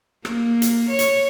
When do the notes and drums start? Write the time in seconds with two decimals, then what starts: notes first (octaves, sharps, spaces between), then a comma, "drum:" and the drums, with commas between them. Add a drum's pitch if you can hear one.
0.25 A#3, drum: rim click
0.62 drum: hi-hat
0.89 C#5
0.99 drum: hi-hat